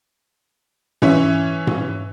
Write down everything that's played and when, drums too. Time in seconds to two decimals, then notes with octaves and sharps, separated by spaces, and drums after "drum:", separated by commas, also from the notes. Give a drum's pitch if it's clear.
1.02 E3 C#4 C#5 E5, drum: tom G#2
1.67 drum: tom G#2